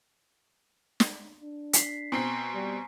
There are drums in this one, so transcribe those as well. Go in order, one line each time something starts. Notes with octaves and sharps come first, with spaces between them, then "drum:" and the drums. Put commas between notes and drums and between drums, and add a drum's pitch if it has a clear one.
drum: snare
D4
B6 C7, drum: hi-hat
B2 C4 G#5 A#5 C6 C7
G3